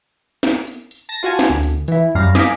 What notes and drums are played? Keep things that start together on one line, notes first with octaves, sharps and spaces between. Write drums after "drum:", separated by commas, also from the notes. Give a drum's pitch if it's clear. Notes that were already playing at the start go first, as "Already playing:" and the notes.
drum: snare
drum: hi-hat
drum: hi-hat
A5 A#6
F4 F#4 F5 G#5 A5
drum: snare
D2
drum: hi-hat
E3 E4, drum: hi-hat
F#2 G3 F5 A#6
D#5 F5 G#5 D6 D#6 B6, drum: snare